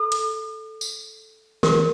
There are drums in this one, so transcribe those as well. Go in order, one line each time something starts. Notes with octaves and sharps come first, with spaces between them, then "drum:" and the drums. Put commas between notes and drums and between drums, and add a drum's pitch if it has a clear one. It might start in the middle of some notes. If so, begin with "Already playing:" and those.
Already playing: A4
drum: hi-hat
drum: tambourine
A#4, drum: snare